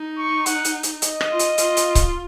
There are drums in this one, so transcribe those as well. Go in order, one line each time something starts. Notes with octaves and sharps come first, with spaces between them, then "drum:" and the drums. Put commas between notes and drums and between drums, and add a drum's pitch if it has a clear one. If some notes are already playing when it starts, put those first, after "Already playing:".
Already playing: D#4
C#6
F#5, drum: hi-hat
drum: hi-hat
drum: hi-hat
D#5, drum: hi-hat
drum: rim click
F4
drum: hi-hat
F4, drum: hi-hat
drum: hi-hat
drum: kick C#1, hi-hat